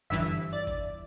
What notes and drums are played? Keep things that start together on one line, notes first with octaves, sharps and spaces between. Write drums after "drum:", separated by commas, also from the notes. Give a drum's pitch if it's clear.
G1 G2 E3 E5
D5
drum: kick